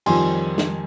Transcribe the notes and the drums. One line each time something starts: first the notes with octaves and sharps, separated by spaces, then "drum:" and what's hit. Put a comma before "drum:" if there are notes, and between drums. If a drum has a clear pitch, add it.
F2 D#3 G3 G#5 C6, drum: cymbal
drum: snare